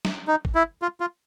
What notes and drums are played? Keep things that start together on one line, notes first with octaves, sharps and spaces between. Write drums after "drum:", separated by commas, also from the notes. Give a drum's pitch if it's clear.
drum: snare
D#4
drum: kick
E4
F4
F4